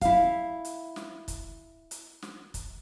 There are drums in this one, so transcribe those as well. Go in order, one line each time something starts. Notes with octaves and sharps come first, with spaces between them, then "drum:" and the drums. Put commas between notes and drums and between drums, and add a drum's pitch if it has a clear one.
E4 F5, drum: kick, hi-hat
drum: hi-hat
drum: snare
drum: kick, hi-hat
drum: hi-hat
drum: snare
drum: kick, hi-hat